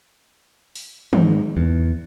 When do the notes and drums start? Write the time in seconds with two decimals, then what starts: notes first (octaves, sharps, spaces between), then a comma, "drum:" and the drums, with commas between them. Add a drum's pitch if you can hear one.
0.75 drum: open hi-hat
1.13 G#2, drum: tom D#3
1.57 E2